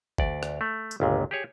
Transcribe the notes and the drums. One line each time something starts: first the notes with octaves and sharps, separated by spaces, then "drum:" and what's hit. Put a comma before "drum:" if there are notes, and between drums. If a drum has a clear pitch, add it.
D2 D5, drum: kick G1
drum: rim click
A3
drum: tambourine
G1 C#2 A#2
G4 G#4 C#5